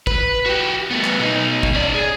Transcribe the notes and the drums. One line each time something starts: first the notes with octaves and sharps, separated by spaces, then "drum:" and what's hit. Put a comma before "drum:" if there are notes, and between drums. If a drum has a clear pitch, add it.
B4, drum: kick
F#4 G4
A3 B3
drum: clap
B2 D#4
drum: kick
C#4 D5
G#4